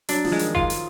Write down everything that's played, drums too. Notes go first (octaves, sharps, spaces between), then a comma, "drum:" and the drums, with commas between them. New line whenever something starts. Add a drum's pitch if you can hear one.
F#3 D4, drum: hi-hat
F3, drum: snare
G#3
D#3, drum: hi-hat
F4, drum: kick F#1
drum: hi-hat